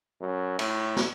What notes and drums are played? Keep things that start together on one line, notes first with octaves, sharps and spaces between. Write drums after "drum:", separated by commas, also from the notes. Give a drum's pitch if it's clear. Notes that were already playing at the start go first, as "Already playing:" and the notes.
F#2
A2, drum: cymbal
drum: snare